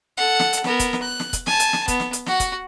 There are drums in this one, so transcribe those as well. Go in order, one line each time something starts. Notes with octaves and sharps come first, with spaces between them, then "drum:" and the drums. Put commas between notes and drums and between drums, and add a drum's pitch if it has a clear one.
A4 F#5
drum: snare
drum: hi-hat
B3 A#4, drum: snare
drum: kick, hi-hat
drum: snare
F#6
drum: snare
drum: kick, hi-hat
G#5 A5, drum: snare
drum: hi-hat
drum: snare
B3, drum: kick, hi-hat
drum: snare
drum: hi-hat
F#4 F#5, drum: snare
drum: kick, hi-hat